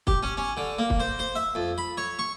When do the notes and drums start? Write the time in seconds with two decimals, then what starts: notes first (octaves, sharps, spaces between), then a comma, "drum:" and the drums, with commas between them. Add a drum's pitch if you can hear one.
0.07 G4, drum: kick
0.23 C#4
0.37 C#4
0.57 D3
0.79 A#3
0.90 drum: kick
1.00 C5
1.19 C5
1.35 E5
1.55 F2
1.78 B5
1.97 C#5
2.19 C#6